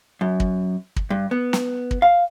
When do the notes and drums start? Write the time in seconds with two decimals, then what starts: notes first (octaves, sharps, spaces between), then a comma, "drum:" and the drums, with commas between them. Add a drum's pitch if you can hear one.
0.21 F#2
0.40 drum: kick
0.96 drum: kick
1.10 G2
1.31 B3
1.53 drum: snare
1.91 drum: kick
2.02 F5